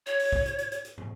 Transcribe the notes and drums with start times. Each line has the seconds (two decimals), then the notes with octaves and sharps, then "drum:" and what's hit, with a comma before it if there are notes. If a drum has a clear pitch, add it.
0.06 C#5, drum: hi-hat
0.19 drum: open hi-hat
0.33 drum: kick
0.46 drum: hi-hat
0.59 drum: hi-hat
0.72 drum: hi-hat
0.85 drum: hi-hat
0.98 drum: tom